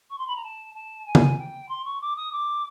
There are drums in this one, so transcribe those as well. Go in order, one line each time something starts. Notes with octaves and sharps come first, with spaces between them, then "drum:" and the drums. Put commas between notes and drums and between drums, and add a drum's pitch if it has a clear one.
C#6
C6
B5
A#5
A5
A5
G#5
drum: tom C#3
G5
C6
C#6
D6
D#6
D6